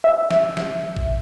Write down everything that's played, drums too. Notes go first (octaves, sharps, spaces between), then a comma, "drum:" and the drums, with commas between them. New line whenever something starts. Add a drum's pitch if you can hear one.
E5
drum: snare
drum: snare
drum: kick